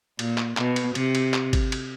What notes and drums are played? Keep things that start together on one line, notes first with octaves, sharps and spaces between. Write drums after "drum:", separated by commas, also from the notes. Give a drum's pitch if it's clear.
A#2, drum: cymbal
drum: clap
B2, drum: clap
drum: cymbal
C3, drum: cymbal
drum: cymbal
drum: clap
drum: kick G#1, cymbal
drum: cymbal